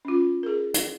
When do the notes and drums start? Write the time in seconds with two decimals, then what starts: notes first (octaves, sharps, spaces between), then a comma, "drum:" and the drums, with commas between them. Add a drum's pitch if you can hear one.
0.05 C#4 F4
0.43 G#4 A#4
0.74 drum: hi-hat